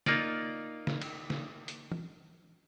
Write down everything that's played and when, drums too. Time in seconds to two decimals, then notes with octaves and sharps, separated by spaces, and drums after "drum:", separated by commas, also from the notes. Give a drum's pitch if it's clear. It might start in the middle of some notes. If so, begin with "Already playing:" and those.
0.06 A#3 D#4 F4 D5, drum: snare
0.87 drum: snare
1.02 drum: cymbal
1.30 drum: snare
1.68 drum: hi-hat
1.92 drum: tom